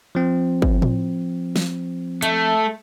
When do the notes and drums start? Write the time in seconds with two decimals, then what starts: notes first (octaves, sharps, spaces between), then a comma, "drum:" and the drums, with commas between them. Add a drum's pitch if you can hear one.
0.15 F3 C4
0.62 drum: kick
0.82 drum: tom A2
1.56 drum: snare
2.22 A3, drum: hi-hat